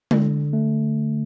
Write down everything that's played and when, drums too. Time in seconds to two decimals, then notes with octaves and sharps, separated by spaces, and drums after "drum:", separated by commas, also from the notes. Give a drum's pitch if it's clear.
0.11 D3, drum: tom G#3
0.53 A3